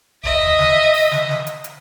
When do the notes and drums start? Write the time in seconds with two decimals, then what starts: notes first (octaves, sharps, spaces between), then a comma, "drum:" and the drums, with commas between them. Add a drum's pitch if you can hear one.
0.24 D#5 E5, drum: kick D1
0.41 drum: tom D#2
0.59 drum: snare
0.94 drum: open hi-hat
1.11 drum: snare
1.29 drum: snare
1.47 drum: hi-hat
1.64 drum: hi-hat